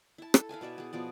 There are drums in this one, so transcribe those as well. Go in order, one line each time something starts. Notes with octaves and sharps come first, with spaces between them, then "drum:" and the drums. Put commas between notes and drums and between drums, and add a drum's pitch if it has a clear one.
E4 A5
A4, drum: rim click
E4 B4 F5 G#5
B2 B3 D5 E5
B3 G#4
B2 F3 B3 D5